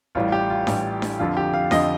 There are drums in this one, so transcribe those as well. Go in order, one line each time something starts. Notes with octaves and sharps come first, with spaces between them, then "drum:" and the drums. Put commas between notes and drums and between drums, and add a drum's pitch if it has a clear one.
A1 A2 G3 F4
G4
F4
A1 A2 G3, drum: snare D4
drum: snare D4
F2 D3 F3 F4
G4
F5
F2 D3 F3 D#5, drum: snare D4